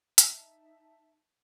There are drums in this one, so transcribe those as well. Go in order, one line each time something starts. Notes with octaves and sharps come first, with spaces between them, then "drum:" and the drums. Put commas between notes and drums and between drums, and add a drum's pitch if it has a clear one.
D#4 E5 A5, drum: hi-hat